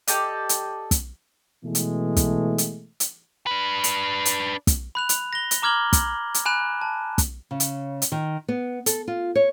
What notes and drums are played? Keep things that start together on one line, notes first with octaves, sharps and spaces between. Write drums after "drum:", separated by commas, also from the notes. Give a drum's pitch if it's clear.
G4 A4 D5 D#5, drum: hi-hat
drum: hi-hat
drum: kick, hi-hat
B2 E3 G#3 A3
drum: hi-hat
drum: kick, hi-hat
drum: hi-hat
drum: hi-hat
D4 B4
drum: hi-hat
drum: hi-hat
drum: kick, hi-hat
B5 F#6 F7
drum: hi-hat
A#6 G7
drum: hi-hat
A#5 D6 F6 G#6 F#7 G7
drum: kick, hi-hat
drum: hi-hat
G#5 B5 F#6 E7
A5
drum: kick, hi-hat
C#3
drum: hi-hat
drum: hi-hat
D#3
B3
A4, drum: hi-hat
F4
C#5